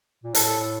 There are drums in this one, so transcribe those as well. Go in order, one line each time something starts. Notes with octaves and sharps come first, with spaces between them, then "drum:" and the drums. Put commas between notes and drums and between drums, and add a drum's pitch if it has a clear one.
A#2
A2 A4, drum: hi-hat